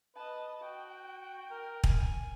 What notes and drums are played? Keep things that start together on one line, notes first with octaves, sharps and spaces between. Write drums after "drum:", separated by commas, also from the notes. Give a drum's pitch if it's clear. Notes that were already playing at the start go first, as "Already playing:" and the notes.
B4 D#5 A5
F#4 G5
A#4
G#5, drum: kick